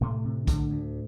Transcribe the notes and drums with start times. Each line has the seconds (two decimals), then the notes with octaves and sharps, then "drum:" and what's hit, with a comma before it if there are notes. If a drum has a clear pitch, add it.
0.01 A2 C3 A3
0.24 C3
0.47 D3, drum: kick B1, hi-hat
0.70 D2